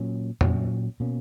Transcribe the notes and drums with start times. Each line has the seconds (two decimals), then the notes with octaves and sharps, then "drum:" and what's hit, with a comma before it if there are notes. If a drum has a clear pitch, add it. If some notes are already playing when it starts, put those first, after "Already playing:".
Already playing: A#2 F#3 C#4
0.41 A#2 F#3 C#4, drum: tom
1.00 B2 A#3 C#4